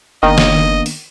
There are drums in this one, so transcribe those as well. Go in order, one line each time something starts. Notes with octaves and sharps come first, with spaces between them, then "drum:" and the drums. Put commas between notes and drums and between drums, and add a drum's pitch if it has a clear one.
F#1 D#3 A#3 B3 D4 D#5
drum: snare
drum: open hi-hat